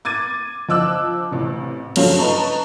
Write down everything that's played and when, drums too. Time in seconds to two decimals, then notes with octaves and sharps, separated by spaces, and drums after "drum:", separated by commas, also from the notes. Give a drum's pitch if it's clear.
0.05 D6 G#6 A6 D#7
0.68 F3 D#5 D6 E6 F#6
1.31 A1 C3
1.96 G2 C#3 F3 F#3 A3 C#4, drum: cymbal
2.19 B4 D#5 A5 A#5 C#6